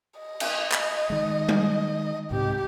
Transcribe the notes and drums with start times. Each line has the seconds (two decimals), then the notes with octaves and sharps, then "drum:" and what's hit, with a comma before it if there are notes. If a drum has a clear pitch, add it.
0.20 D#5
0.40 drum: cymbal
0.72 drum: clap
1.10 D#3 G#3
1.49 drum: tom G3
2.31 C2 G#2 C3 G4